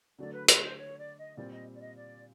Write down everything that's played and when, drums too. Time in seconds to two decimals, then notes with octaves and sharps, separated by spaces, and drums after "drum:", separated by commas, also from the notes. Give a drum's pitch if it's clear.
0.19 D3 F#3 A3 D5
0.33 B4
0.48 B4, drum: hi-hat
0.63 C5
0.77 C#5
0.98 D5
1.18 D#5
1.36 A#2 G3 C4 D5
1.52 D#5
1.74 D5
1.81 D#5
1.96 D5